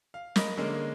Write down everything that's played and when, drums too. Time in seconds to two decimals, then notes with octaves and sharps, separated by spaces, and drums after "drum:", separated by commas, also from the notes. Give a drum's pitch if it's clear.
0.14 F5
0.36 A#4 D#5 B5, drum: snare
0.57 D3 G#3 A#3 C#4 A#4